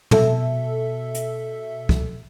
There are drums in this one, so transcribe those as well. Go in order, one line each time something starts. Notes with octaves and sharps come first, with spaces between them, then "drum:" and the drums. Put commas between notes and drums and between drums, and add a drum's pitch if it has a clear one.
B2 A4 E5, drum: tom
drum: hi-hat
drum: kick